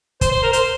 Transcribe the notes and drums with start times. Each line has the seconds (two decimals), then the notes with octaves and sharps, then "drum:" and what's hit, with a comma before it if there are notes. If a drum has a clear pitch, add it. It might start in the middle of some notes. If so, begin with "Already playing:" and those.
0.21 C5, drum: kick, hi-hat
0.32 C5
0.43 A#4
0.53 C5, drum: hi-hat